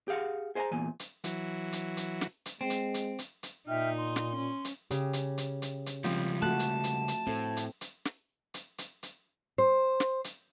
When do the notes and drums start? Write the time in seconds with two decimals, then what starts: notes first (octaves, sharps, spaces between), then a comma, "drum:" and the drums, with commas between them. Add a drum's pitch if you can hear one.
0.08 G4 G#4 F5 F#5
0.55 G#4 C5 D#5 G5 G#5 A#5
0.71 E2 A#2 G#5
1.00 drum: hi-hat
1.24 E3 F#3, drum: hi-hat
1.73 drum: hi-hat
1.97 drum: hi-hat
2.21 drum: snare
2.46 drum: hi-hat
2.61 G#3 C4
2.70 drum: hi-hat
2.94 drum: hi-hat
3.19 drum: hi-hat
3.43 drum: hi-hat
3.68 A#2 D#4 E5 G5 F6
3.97 C6
4.16 drum: snare
4.36 C#4
4.65 drum: hi-hat
4.91 C#3 G4, drum: hi-hat
5.13 drum: hi-hat
5.38 drum: hi-hat
5.62 drum: hi-hat
5.86 drum: hi-hat
6.04 C#3 F3 G3 G#3 C4
6.42 A3 F#4 A5 F#6
6.59 drum: hi-hat
6.84 drum: hi-hat
7.08 drum: hi-hat
7.27 A2 C4 A4
7.57 drum: hi-hat
7.81 drum: hi-hat
8.05 drum: snare
8.54 drum: hi-hat
8.78 drum: hi-hat
9.03 drum: hi-hat
9.58 C5
10.00 drum: snare
10.24 drum: hi-hat